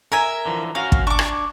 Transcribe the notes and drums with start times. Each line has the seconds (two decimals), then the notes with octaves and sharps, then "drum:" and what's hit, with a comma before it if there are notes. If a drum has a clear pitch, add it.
0.12 A#4 E5 G#5 A#5
0.46 D3 E3 F3
0.75 C#4 F#4 A#4 F5
0.92 drum: kick
1.07 D4 C#6 D6
1.19 drum: rim click